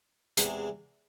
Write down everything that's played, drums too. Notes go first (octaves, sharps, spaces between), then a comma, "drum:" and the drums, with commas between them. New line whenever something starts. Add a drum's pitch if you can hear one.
E2 C3 E3 G#3, drum: hi-hat